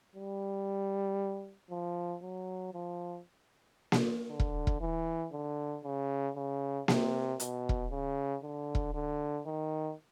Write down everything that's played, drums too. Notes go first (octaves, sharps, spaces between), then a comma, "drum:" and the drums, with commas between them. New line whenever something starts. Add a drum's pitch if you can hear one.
G3
F3
F#3
F3
drum: snare A#3
D3
drum: kick E1
drum: kick E1
E3
D3
C#3
C#3
C3, drum: snare A#3
B2, drum: hi-hat
drum: kick E1
C#3
D3
drum: kick E1
D3
D#3